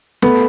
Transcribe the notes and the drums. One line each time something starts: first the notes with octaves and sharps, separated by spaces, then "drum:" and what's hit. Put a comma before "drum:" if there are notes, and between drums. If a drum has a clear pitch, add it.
A3 B3, drum: snare